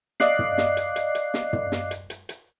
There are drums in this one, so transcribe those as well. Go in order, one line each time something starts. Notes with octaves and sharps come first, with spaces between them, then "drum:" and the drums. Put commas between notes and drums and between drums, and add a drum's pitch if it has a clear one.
D5 D#5 F5 D6 F#6 C7, drum: snare
drum: tom
drum: snare
drum: hi-hat
drum: hi-hat
drum: hi-hat
drum: snare
drum: tom
drum: snare
drum: hi-hat
drum: hi-hat
drum: hi-hat